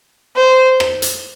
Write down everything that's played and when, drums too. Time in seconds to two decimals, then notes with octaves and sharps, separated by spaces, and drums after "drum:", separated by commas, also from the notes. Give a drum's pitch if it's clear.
0.36 C5
0.80 drum: rim click
1.02 drum: hi-hat